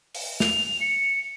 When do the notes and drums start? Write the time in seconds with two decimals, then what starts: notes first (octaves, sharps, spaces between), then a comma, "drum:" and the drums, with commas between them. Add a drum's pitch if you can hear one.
0.15 drum: open hi-hat
0.40 F7, drum: snare
0.81 C#7